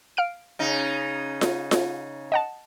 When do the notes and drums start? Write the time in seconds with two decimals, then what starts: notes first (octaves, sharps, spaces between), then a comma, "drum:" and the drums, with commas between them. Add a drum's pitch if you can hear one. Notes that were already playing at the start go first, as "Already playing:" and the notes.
0.17 F5 F6 D7
0.59 C#3 D#4
1.41 drum: snare F4
1.71 drum: snare F4
2.32 D#5 F#5 A5